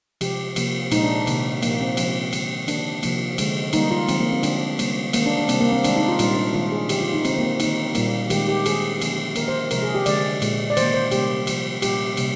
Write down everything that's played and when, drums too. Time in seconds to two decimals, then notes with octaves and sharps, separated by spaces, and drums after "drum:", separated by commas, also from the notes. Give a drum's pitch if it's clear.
0.21 C3 F3 G#3 G4, drum: cymbal
0.56 C3 F3 A#3, drum: cymbal
0.91 A#2 G#3 D#4, drum: cymbal
1.03 D4
1.27 C3 D#3 A#3, drum: cymbal
1.62 A#2 F3 A#3, drum: cymbal
1.80 C4
1.97 C3 F3 G#3, drum: cymbal
2.33 D3 G#3, drum: cymbal
2.68 D#3 A#3 D4, drum: cymbal
3.03 C3 F3 A#3, drum: cymbal
3.38 D3 G#3, drum: cymbal
3.73 D3 G3 A#3 D#4, drum: cymbal
3.91 F4
4.08 D3 F3 G#3 C4, drum: cymbal
4.20 A#3
4.32 C4
4.43 D3 G#3 D4, drum: cymbal
4.79 C3 G3 A#3, drum: cymbal
5.13 D#3 G#3 A#3, drum: cymbal
5.26 D4
5.38 D4
5.49 C3 G3 A#3 C4, drum: cymbal
5.61 A#3
5.72 C4
5.84 D#3 G#3 D4, drum: cymbal
5.97 D#4
6.08 F4
6.19 A#2 G3 A#3 F4, drum: cymbal
6.37 D4
6.54 D#3 G#3 F4
6.72 G#4
6.89 D3 F3 G#3 G4, drum: cymbal
7.01 F4
7.13 D#4
7.25 D3 G#3 C4, drum: cymbal
7.38 A#3
7.43 C4
7.60 D#3 A#3 D#4, drum: cymbal
7.95 A#2 G3 A#3, drum: cymbal
8.30 D#3 G#3 G4, drum: cymbal
8.48 G4
8.66 D#3 G#3 G#4, drum: cymbal
9.01 D3 F3 A#3, drum: cymbal
9.36 D#3 A#3 A#4, drum: cymbal
9.48 C5
9.71 C3 F3 G#3 A#4, drum: cymbal
9.83 G#4
9.95 G4
10.06 D3 G#3 D5, drum: cymbal
10.42 A#2 G#3, drum: cymbal
10.70 D5
10.77 D#3 A#3 C5, drum: cymbal
10.94 C5
11.11 C3 G3 A#3 G4, drum: cymbal
11.47 C3 F3 A#3, drum: cymbal
11.82 A#2 G3 A#3 G4, drum: cymbal
12.17 C3 G3 A#3, drum: cymbal